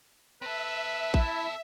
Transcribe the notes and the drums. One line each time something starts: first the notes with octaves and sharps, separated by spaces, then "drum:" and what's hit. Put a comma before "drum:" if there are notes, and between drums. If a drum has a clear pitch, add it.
C4 A4 B4 E5
E4 A5, drum: kick A1